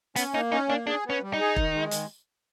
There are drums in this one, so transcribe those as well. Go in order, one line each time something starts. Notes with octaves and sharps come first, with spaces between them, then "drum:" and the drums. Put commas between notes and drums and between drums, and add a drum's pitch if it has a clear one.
B3 C#4, drum: hi-hat
A#3 D#4
C#4 D#4
A#3 D4
D4 G#4
B3 C#4
G3
D#4
G#4
D#3, drum: kick E1
G#3
D#3, drum: hi-hat